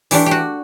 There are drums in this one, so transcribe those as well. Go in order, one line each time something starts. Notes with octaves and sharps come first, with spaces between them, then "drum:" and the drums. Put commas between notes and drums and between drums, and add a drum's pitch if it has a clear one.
E3 A3 D4 G4, drum: open hi-hat
F#4 G4